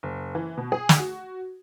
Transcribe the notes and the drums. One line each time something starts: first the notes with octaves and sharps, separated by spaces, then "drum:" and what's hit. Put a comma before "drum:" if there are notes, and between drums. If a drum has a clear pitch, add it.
F#1
E3
B2
G#4
drum: snare
F#4